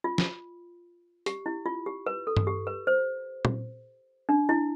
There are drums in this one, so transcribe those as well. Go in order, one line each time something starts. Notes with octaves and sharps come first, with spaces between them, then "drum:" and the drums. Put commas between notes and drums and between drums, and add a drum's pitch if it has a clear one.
F4
drum: snare
G4, drum: hi-hat
E4
F4
G4
B4
A4
drum: tom G2
G4
B4
C5
drum: tom A#2
D4
E4